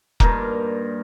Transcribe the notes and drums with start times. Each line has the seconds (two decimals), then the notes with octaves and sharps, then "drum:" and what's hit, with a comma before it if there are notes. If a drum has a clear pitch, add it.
0.20 G2 A#2 D#4 A#4, drum: kick